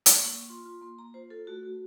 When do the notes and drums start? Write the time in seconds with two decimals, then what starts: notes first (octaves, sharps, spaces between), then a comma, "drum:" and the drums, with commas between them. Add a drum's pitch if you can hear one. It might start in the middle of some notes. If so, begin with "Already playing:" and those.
0.06 drum: hi-hat
0.16 A#3 C#6
0.33 A#3
0.49 F4 C6
0.65 F4
0.82 A#3 C6
0.99 A#3 A#5
1.14 F4 C5
1.30 F4 A4
1.47 A3 F#4
1.63 F#4